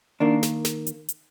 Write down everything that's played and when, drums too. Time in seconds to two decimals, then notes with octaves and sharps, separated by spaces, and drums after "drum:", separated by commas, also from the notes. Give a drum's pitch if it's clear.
0.20 D#3 A#3 D4
0.43 drum: snare
0.65 drum: snare
0.87 drum: hi-hat
1.09 drum: hi-hat